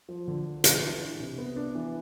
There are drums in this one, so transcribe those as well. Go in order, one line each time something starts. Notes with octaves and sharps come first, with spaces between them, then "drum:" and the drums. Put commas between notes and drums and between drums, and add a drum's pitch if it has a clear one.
F3
D3
F3
D4, drum: hi-hat
E3
D4
C3
B3
D4
E3